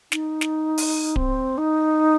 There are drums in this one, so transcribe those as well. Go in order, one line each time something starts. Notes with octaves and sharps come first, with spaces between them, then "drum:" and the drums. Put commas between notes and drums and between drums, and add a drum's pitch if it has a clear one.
D#4, drum: snare
drum: snare
drum: open hi-hat
C4, drum: kick D1
D#4